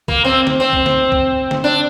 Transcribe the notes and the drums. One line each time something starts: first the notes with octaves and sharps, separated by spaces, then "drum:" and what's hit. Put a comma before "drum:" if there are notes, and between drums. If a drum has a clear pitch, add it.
A#3, drum: kick B1
C4
drum: snare
C4
drum: kick B1
drum: snare
drum: kick B1
drum: snare
D4